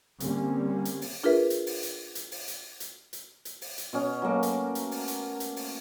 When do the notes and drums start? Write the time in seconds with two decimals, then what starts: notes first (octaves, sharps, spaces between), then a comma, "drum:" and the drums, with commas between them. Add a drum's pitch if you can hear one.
0.20 D3 G3 A#3 C4 C#4, drum: hi-hat
0.85 drum: hi-hat
1.02 drum: open hi-hat
1.24 D4 F4 G#4 A#4 B4 E5
1.50 drum: hi-hat
1.67 drum: open hi-hat
1.83 drum: hi-hat
2.15 drum: hi-hat
2.32 drum: open hi-hat
2.48 drum: hi-hat
2.80 drum: hi-hat
3.13 drum: hi-hat
3.45 drum: hi-hat
3.61 drum: open hi-hat
3.78 drum: hi-hat
3.93 B2 C#4
4.22 F#3 A3 A#3 A#4
4.43 drum: hi-hat
4.75 drum: hi-hat
4.91 drum: open hi-hat
5.08 drum: hi-hat
5.40 drum: hi-hat
5.56 drum: open hi-hat